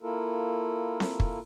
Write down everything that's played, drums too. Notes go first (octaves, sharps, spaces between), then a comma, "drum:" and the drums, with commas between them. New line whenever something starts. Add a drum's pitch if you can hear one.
A#3 E4 F4 A4 A#4
drum: snare C4
drum: kick